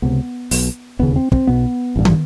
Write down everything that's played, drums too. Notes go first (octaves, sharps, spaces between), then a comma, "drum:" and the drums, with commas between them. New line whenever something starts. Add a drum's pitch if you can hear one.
C#2 C3 B3
B1 B2, drum: open hi-hat
E1 D#2 C#3 B3
C4
C4, drum: kick
B1 B2 B3
A1 G2 D3
drum: tom